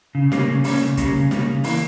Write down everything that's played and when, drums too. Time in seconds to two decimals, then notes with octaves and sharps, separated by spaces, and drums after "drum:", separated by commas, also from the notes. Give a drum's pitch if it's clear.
0.15 C#3
0.32 G3 A#3 C#4, drum: snare
0.48 C#3
0.64 G3 A#3 C#4, drum: open hi-hat
0.81 C#3
0.97 G3 A#3 C#4, drum: kick, hi-hat
1.14 C#3
1.31 G3 A#3 C#4, drum: snare
1.48 C#3
1.64 E3 A#3, drum: open hi-hat